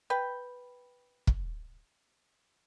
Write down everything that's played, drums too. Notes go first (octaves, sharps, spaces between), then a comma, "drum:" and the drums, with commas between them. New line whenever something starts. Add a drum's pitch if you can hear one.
B4 G5
drum: kick